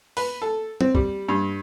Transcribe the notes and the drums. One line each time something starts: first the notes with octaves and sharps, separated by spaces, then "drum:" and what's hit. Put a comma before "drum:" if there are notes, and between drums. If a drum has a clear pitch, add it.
B4, drum: open hi-hat
A4
C4, drum: tom
G3, drum: kick
G2